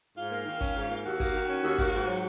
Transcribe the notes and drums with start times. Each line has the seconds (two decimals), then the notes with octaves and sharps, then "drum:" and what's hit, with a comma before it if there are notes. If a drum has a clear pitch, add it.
0.17 G#2 F4
0.31 A#3
0.46 D#3
0.61 C#4, drum: kick G#1, open hi-hat
0.75 G#2
0.90 A#3
1.05 D#2 F#4
1.20 A#3, drum: kick G#1, open hi-hat
1.34 D#3
1.49 C#4
1.64 D#2
1.78 A#3, drum: kick G#1, open hi-hat
1.93 G#2
2.07 F#3